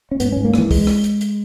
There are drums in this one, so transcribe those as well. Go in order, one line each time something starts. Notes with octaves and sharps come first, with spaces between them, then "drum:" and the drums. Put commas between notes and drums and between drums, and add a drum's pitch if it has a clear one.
C#4
G#2 B3, drum: hi-hat
G#2 C#4
A#3
G#2 E3, drum: rim click
G#3, drum: kick, open hi-hat
drum: rim click
drum: hi-hat
drum: hi-hat